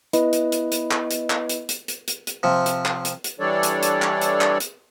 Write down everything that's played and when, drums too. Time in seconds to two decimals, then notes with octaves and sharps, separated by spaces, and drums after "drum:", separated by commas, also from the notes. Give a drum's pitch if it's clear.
0.13 B3 E4 B4 D#5, drum: hi-hat
0.33 drum: hi-hat
0.52 drum: hi-hat
0.72 drum: hi-hat
0.91 drum: clap
1.11 drum: hi-hat
1.30 drum: clap
1.49 drum: hi-hat
1.69 drum: hi-hat
1.88 drum: hi-hat
2.08 drum: hi-hat
2.27 drum: hi-hat
2.43 C3 F3
2.66 drum: hi-hat
2.85 drum: clap
3.05 drum: hi-hat
3.24 drum: hi-hat
3.40 E3 G3 D4 A4 C#5 D5
3.63 drum: hi-hat
3.83 drum: hi-hat
4.02 drum: clap
4.21 drum: hi-hat
4.41 drum: clap
4.60 drum: hi-hat